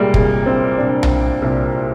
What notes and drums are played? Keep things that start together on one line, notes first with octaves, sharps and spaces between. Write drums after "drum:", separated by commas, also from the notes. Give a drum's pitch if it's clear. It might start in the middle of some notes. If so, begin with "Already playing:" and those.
Already playing: C2 A#2 G3 G#3 A#3
C2 A#2 G#3, drum: kick
C4
C2 A#2 D4
drum: tom B1
C2 A#2